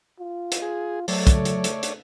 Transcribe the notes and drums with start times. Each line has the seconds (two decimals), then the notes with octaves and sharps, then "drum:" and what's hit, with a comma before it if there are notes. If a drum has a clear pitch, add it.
0.20 F4
0.52 drum: hi-hat
0.62 G#4
1.08 F#3 A3 A4 C#5 D5, drum: open hi-hat
1.27 drum: kick, hi-hat
1.45 drum: hi-hat
1.64 drum: hi-hat
1.83 drum: hi-hat